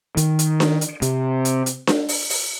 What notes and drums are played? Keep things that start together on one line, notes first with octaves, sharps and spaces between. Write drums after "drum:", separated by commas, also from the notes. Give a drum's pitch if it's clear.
D#3, drum: hi-hat
drum: hi-hat
drum: snare D4
drum: hi-hat
C3, drum: hi-hat
drum: hi-hat
drum: hi-hat
drum: snare D4
drum: open hi-hat
drum: open hi-hat